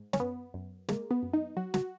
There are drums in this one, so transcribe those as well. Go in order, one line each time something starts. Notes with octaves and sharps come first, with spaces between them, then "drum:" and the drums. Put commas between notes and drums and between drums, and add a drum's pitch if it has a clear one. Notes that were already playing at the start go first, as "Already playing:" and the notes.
Already playing: G#2
C#4, drum: snare
F#2 B3
F#2
G#3 A#3, drum: snare
B3
F#2
D#4
F#3 F#4
F#4, drum: snare